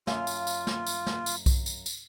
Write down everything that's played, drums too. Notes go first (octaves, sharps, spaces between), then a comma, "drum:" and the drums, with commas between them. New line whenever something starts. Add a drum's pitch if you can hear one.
F#2 F4 F5, drum: snare
drum: tambourine
drum: tambourine
drum: snare
drum: tambourine
drum: snare
drum: tambourine
drum: kick B1, tambourine
drum: tambourine
drum: tambourine